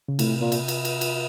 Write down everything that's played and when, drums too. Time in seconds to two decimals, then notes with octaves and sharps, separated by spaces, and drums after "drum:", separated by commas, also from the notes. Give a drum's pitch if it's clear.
0.08 C#3
0.19 A2 C3, drum: cymbal
0.41 A#2
0.52 drum: cymbal
0.68 drum: cymbal
0.85 drum: cymbal
1.01 drum: cymbal